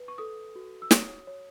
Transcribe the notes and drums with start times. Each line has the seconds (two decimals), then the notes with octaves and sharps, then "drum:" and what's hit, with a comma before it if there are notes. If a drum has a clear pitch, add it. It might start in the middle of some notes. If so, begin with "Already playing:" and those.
Already playing: B4
0.08 C#6
0.18 A4 D#6
0.56 F#4
0.82 E6
0.91 C#5 D#6, drum: snare
1.27 C#5